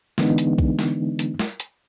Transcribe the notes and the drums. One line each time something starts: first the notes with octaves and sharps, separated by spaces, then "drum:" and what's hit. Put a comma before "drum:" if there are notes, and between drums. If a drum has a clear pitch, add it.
D3 E3 G#3 B3 D4 D#4, drum: snare
drum: hi-hat
drum: kick B1
drum: snare
drum: hi-hat
drum: snare
drum: hi-hat